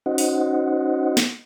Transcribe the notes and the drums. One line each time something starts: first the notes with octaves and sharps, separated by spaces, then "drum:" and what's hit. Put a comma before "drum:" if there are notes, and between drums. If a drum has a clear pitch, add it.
C#4 D#4 F#4 C5 D#5 F#5
drum: open hi-hat
drum: snare